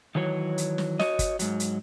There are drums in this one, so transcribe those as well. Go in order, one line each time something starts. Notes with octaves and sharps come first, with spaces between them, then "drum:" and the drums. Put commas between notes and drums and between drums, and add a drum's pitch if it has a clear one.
D#3 E3 F#3 C#5
drum: hi-hat
drum: snare
F#4 C#5 D#5, drum: snare
drum: kick G1, hi-hat
G#2 F#3, drum: hi-hat
drum: hi-hat